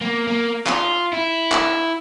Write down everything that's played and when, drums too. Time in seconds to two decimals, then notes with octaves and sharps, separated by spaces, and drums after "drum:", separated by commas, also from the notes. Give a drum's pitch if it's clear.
0.01 A#3
0.27 A#3
0.67 F4, drum: clap
1.13 E4
1.52 drum: clap